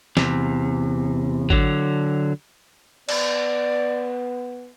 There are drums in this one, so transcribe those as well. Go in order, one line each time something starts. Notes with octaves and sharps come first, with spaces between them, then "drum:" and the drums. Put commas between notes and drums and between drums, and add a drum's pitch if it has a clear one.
E2 C3, drum: snare
D3 F#3, drum: kick G#1
B3 D5, drum: cymbal